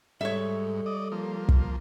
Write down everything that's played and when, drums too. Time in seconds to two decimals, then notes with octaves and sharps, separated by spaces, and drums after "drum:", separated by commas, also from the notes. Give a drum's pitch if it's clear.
0.21 G#2 G3 A4 C#5 E5
0.86 D5 D#5
1.12 F3 A#3
1.49 drum: kick